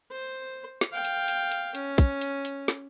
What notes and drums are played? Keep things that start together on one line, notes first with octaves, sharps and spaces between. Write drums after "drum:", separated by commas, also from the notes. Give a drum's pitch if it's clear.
C5
drum: snare
F5 G5
drum: hi-hat
drum: hi-hat
drum: hi-hat
C#4, drum: hi-hat
drum: kick, hi-hat
drum: hi-hat
drum: hi-hat
drum: snare